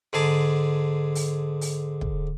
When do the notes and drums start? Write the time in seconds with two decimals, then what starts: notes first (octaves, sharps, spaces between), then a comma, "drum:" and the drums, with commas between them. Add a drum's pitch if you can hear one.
0.13 G#2 D3 G#4 A5
1.15 drum: open hi-hat
1.61 drum: open hi-hat
2.01 drum: kick